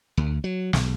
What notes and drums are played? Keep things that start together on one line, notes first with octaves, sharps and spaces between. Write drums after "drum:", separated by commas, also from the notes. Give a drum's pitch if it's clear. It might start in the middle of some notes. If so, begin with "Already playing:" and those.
D2
F#3
B1, drum: snare